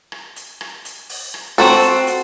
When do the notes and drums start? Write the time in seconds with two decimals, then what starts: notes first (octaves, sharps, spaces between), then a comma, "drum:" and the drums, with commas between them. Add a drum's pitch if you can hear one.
0.12 drum: rim click
0.36 drum: hi-hat
0.61 drum: rim click
0.85 drum: hi-hat
1.09 drum: open hi-hat
1.34 drum: rim click
1.58 C4 F#4 A4, drum: open hi-hat
1.83 drum: hi-hat
2.07 drum: hi-hat